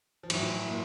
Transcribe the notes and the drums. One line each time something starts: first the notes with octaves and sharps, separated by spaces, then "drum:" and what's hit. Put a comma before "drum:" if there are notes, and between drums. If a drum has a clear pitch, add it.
F3
A2 E3 F#3, drum: cymbal
A#3